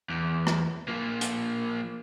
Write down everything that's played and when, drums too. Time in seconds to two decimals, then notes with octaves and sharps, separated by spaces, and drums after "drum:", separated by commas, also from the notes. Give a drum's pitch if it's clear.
0.10 E2
0.47 drum: rim click
0.88 F3 A#3
1.21 drum: hi-hat